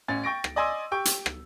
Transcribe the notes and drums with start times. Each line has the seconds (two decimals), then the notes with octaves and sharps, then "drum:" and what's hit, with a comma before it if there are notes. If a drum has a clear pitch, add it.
0.08 A1 C#4 A6
0.24 G5 C#6 A#6 D7
0.44 drum: rim click
0.56 D5 D#5 G#5 C6 E6
0.91 G4 G5 C#6
1.05 drum: hi-hat
1.26 drum: rim click